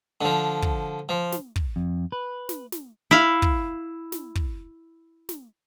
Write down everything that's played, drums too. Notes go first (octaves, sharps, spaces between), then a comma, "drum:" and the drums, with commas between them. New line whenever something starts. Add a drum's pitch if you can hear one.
D3 F3
drum: kick
F3
drum: snare
drum: kick
F2
B4
drum: snare
drum: snare
E4 F5
drum: kick
drum: snare
drum: kick
drum: snare